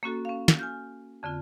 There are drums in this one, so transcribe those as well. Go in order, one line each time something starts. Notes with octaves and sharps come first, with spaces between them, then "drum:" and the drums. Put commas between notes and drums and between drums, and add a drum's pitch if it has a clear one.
A#3 C#4 F#4 A4
C#4 F5
drum: snare
G#5 F6 G6
F2 D3 C4 F4